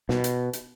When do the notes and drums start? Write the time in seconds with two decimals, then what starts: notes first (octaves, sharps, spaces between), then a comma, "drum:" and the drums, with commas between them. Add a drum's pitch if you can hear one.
0.09 B2, drum: snare
0.24 drum: hi-hat
0.53 drum: hi-hat